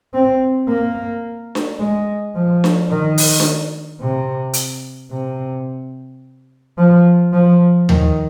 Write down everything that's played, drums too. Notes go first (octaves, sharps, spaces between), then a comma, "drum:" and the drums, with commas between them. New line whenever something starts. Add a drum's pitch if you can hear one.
C4
A#3
drum: snare D4
G#3
F3
drum: snare D4
D#3
drum: open hi-hat
drum: snare D4
C3
drum: hi-hat
C3
F3
F3
D#3, drum: tom D#2